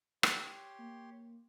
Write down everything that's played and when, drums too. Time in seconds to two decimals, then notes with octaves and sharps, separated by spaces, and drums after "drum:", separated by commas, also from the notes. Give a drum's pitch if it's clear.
0.23 G4 C#5 C6, drum: rim click
0.79 A#3